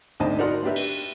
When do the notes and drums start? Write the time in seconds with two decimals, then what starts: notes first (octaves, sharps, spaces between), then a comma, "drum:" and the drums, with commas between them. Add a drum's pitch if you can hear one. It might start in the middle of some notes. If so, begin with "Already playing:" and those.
0.20 G#1 D2 C4 D#5 A5
0.39 D#4 F#4 A#4 D5 F#5 C6
0.63 A#3 D4 G4 B4 E5
0.76 drum: cymbal